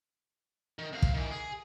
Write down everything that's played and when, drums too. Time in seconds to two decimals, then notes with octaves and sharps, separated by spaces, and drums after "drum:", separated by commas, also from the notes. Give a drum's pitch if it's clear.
0.79 D#3
0.93 C3 F5
1.02 drum: kick
1.14 D#3 E3
1.31 G#4